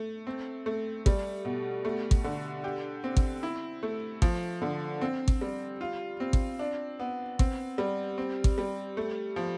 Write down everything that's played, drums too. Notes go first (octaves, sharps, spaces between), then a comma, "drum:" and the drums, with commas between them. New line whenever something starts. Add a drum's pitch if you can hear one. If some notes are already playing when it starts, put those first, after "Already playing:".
Already playing: A3
C4
A3
G3, drum: kick G#1
B2
A3
drum: kick G#1
D3
G4
C4
drum: kick G#1
E4
A3
F3, drum: kick G#1
D3
C4
drum: kick G#1
G3
F4
C4
drum: kick G#1
D4
B3
C4, drum: kick G#1
G3
C4
drum: kick G#1
G3
A3
F3